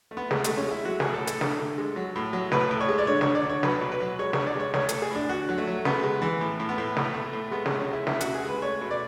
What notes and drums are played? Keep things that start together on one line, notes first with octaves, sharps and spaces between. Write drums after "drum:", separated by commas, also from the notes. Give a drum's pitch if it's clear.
A3
B3
G#3 A3, drum: snare
G#3 A3, drum: hi-hat
C#4
G#3 E4
F#3 F#4
A2 G#4, drum: snare
A4
A2
A4, drum: hi-hat
D3, drum: snare
D3
G#3
F#3
A2
F#3
A2 B4, drum: snare
A2
C#5
G#3
D5
D3 C#5
C#5, drum: snare
D3
D5
D3 C#5
F#3 B4, drum: snare
B2
B4
F#3
G#3 C#5
D3 C#5, drum: snare
D5
G#3 C#5
A3 C#5, drum: snare
A3 A4, drum: hi-hat
G#4
A2 D4
D3 F#4
F#3
A3
F#3
C#3 B3, drum: snare
G#3
E3
A2
A2
B3
A2
A2, drum: snare
A3
A2
G#3 B3
G#3 C#4, drum: snare
C#4
G#3 E4
C#3 E4, drum: snare
F#4, drum: hi-hat
C#3
G#4
G#3 B4
A3 C#5
B2
D5